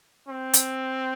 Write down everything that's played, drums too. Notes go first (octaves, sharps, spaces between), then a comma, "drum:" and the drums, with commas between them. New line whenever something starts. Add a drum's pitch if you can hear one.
C4
drum: hi-hat